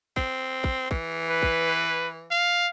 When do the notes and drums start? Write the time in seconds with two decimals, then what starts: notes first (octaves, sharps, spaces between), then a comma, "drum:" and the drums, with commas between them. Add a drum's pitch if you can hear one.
0.16 C4, drum: kick
0.64 drum: kick
0.91 E3, drum: kick
1.30 B4
1.42 drum: kick
2.31 F5